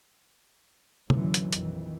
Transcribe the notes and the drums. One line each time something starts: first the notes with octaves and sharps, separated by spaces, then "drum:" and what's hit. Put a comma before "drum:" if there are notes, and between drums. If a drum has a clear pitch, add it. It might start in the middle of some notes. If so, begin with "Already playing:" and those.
F#2 A#2 D3 E3 F#3, drum: tom
drum: hi-hat
A#1 F2 D#3 E3, drum: hi-hat